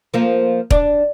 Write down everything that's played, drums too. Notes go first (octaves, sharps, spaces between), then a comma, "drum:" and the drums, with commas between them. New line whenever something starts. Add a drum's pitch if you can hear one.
F3 A#3
D4, drum: kick